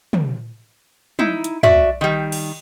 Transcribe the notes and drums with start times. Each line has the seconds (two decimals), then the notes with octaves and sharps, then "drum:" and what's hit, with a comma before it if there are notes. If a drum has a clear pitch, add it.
0.13 drum: tom
1.19 D#4 E4, drum: tom
1.44 drum: hi-hat
1.63 F#4 D5 E5, drum: tom
2.01 D#3 G3
2.32 drum: cymbal